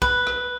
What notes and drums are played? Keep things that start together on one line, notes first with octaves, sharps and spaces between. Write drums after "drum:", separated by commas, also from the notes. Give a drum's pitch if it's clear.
B4, drum: kick
drum: rim click